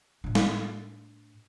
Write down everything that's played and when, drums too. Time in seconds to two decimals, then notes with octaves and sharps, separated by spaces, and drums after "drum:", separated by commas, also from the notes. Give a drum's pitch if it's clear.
0.24 A2 D4
0.35 drum: snare G#3